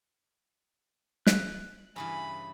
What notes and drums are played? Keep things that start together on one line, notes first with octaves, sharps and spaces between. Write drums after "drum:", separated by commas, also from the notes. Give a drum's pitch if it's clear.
F#6, drum: snare
G2 C#3 E3 G#5 B5